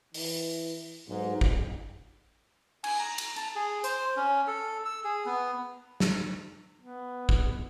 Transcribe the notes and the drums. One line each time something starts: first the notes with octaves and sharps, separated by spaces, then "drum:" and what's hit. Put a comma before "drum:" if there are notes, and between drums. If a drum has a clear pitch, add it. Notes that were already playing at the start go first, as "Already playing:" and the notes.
E3, drum: open hi-hat
B1 G#2
drum: kick
G#5, drum: cymbal
A#5
drum: cymbal
A5, drum: hi-hat
G#4
C5, drum: hi-hat
C#4
A4
E6
G#4
B3
drum: snare
B3
drum: kick